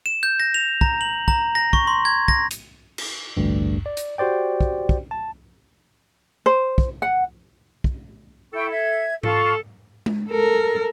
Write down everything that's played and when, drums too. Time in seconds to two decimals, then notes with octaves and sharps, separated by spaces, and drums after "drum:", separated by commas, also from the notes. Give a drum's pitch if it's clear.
0.06 E7
0.23 G6
0.40 A#6
0.54 F7
0.81 A#5, drum: kick
1.01 F#7
1.28 A#5, drum: kick
1.55 A#6
1.73 C#6, drum: kick
1.87 C6
2.05 G#6
2.28 A#6, drum: kick
2.51 drum: hi-hat
2.98 drum: cymbal
3.37 A1 D2 G2
3.86 D5
3.97 drum: hi-hat
4.18 F#4 G4 C5 D5 G5
4.61 drum: kick
4.89 drum: kick
5.11 A5
6.46 C5
6.78 drum: kick
7.02 F#5
7.84 drum: kick
8.53 E4 A4 G5 C#6
8.69 E5 G#6
9.23 F4 A4 A5 C#6, drum: tom G#2
10.06 drum: tom G#3
10.29 A4 A#4